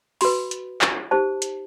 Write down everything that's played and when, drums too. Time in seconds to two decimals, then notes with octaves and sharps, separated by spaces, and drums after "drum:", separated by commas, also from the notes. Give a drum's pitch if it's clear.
0.21 F#4 B4 B5, drum: open hi-hat
0.51 drum: hi-hat
0.81 drum: clap
1.11 D#4 G4 C5 A5
1.42 drum: hi-hat